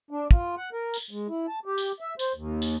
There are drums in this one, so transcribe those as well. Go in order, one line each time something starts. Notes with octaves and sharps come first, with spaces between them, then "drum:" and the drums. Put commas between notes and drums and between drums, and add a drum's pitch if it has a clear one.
D4
F4, drum: kick
F#5
A#4
drum: tambourine
G#3
E4
A5
G4
drum: tambourine
E5
C5, drum: tambourine
D#2
drum: tambourine